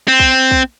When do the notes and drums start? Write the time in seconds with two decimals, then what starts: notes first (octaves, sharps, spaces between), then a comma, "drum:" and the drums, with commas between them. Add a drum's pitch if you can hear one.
0.08 C4
0.20 drum: kick
0.51 drum: kick